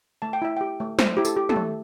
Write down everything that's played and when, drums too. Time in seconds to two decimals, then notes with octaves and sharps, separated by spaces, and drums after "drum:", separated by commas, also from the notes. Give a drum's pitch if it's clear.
0.22 A3 A5
0.33 G5
0.42 E4 E5
0.57 G4 G5
0.80 A3
0.99 A3 C5, drum: snare
1.17 E4 G4
1.25 A4, drum: tambourine
1.37 G4
1.49 A4, drum: tom
1.56 A3